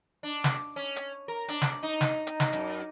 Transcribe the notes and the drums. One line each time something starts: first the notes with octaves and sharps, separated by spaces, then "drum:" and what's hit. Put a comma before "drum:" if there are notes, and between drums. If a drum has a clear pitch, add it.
D4
drum: snare
C#4
drum: hi-hat
A#4
D4, drum: hi-hat
drum: snare
D#4
drum: snare
drum: hi-hat
drum: snare
F#2, drum: hi-hat